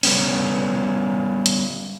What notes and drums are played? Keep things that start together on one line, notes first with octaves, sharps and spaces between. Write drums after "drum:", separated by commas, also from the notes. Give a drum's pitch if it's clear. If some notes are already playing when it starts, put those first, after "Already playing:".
G3 B3 C#4, drum: open hi-hat
drum: hi-hat